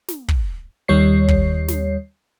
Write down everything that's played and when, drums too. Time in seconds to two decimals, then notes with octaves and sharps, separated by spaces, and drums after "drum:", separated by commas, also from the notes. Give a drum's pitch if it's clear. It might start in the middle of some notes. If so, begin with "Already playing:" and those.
0.08 drum: snare
0.28 drum: kick
0.88 D#2 D#3 G3 C#5 C7
1.28 drum: kick
1.68 drum: snare